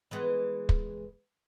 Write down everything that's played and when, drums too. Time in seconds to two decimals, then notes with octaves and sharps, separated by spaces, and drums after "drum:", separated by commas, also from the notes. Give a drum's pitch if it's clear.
0.11 E3 G#3 B3
0.69 drum: kick